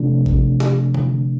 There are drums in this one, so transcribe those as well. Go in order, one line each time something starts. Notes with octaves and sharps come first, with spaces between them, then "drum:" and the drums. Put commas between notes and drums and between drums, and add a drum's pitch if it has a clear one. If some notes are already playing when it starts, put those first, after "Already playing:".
Already playing: C3 F3 A3 D4
drum: kick A1
drum: snare
drum: tom D3